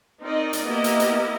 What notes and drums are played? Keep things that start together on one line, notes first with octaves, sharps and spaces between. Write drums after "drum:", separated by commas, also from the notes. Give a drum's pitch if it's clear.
C4 D#4 A#4 D5 D#5
drum: hi-hat
A#3 B3 E4 G4 A#4 D#5
drum: hi-hat
drum: hi-hat